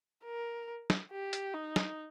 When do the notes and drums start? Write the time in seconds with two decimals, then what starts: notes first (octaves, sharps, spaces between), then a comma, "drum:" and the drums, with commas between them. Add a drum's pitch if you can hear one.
0.25 A#4
0.90 drum: snare
1.12 G4
1.33 drum: hi-hat
1.54 D#4
1.76 drum: snare